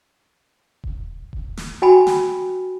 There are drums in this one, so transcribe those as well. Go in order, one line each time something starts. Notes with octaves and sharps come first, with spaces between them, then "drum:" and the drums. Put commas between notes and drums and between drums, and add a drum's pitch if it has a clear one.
drum: kick D#1
drum: kick D#1
drum: snare
F#4 G5 G#5 B5
drum: snare